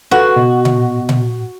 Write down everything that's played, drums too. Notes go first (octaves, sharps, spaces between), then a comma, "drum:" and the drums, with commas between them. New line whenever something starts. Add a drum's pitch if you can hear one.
F#4 A4 B4 F#5
B2
drum: tom A#2
drum: tom A#2